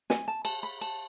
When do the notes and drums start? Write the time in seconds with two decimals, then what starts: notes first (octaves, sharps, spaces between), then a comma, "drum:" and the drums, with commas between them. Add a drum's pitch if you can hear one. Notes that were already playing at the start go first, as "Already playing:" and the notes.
0.10 G#5, drum: snare
0.28 A5
0.45 A5, drum: cymbal
0.63 B5
0.81 A5, drum: cymbal